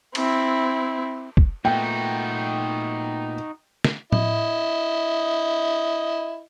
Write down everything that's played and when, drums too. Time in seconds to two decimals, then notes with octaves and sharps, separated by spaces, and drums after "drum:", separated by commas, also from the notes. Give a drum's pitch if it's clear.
0.15 C4 E4, drum: cymbal
1.37 drum: kick
1.65 A#2 A3 B3 D#4 F#4 G5
3.84 drum: snare
4.13 E4 D#5, drum: tom A2